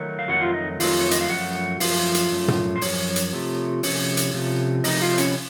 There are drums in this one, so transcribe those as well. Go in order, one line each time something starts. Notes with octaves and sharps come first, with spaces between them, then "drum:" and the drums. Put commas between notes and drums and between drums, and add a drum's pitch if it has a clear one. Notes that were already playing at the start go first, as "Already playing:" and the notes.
Already playing: D#3 F#3 A3 D#4
F5
F2 D#3 F#3 A3 F#4 F#5
F4 F5
D#4 D#5
F2 D#3 F#3 A3 F4 F5, drum: open hi-hat
C#5
D#5, drum: hi-hat
F5
F#2 F3 A3 F#4 F#5
F#2 F3 A3 F4 F5, drum: open hi-hat
drum: hi-hat
F#2 F3 A3
drum: tom
C5
F#2 F3 C#5, drum: open hi-hat
drum: hi-hat
C3 F3 A3
C3 F3 A3 C#4 C#5, drum: open hi-hat
drum: hi-hat
C3 F3 A3
C3 F3 A3 D#4 D#5, drum: open hi-hat
F4 F5
C5
C#4 C#5, drum: hi-hat